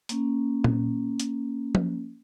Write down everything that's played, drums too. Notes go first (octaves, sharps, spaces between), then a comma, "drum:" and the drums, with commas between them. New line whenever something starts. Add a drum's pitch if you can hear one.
A#3 C#4, drum: hi-hat
drum: tom A#2
drum: hi-hat
drum: tom F3